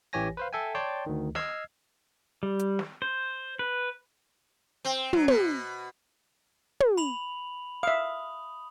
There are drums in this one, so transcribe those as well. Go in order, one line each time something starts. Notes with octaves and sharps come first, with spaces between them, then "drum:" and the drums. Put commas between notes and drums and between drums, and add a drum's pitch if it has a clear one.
A1 E3 G4 C#5 G#5 A#6
B4 C5 F5
A4 E5 G5 G#5
C#5 D5 G5 A5 C6
D2 D#3
D#5 E6 F6 G#6 C7, drum: snare
G3
drum: hi-hat
drum: snare
C5
B4
C4
F#3, drum: tom
B2, drum: tom
drum: tom
B5 F7 F#7
E5 F5 D#6